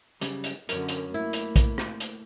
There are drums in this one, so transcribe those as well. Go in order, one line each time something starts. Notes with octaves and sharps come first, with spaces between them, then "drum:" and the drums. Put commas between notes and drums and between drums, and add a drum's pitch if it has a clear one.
F#2 C#3 G3, drum: hi-hat
drum: hi-hat
F#2 D3 C#4 A#4 C#5, drum: hi-hat
drum: hi-hat
A3 A#3 E4
drum: hi-hat
drum: kick, hi-hat
drum: rim click
drum: hi-hat